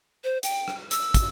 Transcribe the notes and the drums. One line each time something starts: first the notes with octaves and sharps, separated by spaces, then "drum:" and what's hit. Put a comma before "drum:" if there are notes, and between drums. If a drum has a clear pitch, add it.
C5
G5, drum: hi-hat
drum: rim click
E6, drum: hi-hat
drum: kick, hi-hat